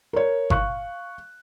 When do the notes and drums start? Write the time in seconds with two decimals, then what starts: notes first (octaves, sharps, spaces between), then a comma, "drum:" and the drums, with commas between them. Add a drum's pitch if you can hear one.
0.13 A#4 C#5
0.50 F5 C#6 F#6, drum: kick G1